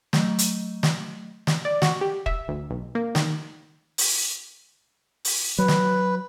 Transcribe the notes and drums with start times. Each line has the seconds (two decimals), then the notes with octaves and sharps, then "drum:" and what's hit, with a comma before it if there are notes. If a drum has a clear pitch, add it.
0.13 F#3 A3 D#5, drum: snare
0.39 drum: hi-hat
0.83 drum: snare
1.47 drum: snare
1.65 D5
1.82 F#4, drum: snare
2.01 G4
2.26 E5, drum: kick
2.48 D2
2.70 B1
2.95 A#3
3.15 D#3, drum: snare
3.98 drum: open hi-hat
5.25 drum: open hi-hat
5.59 F#3 B4
5.68 drum: snare